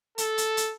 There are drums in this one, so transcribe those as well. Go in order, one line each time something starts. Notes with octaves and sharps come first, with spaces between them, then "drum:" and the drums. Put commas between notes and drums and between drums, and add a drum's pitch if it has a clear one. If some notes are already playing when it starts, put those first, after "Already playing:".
A4, drum: hi-hat
drum: hi-hat
drum: hi-hat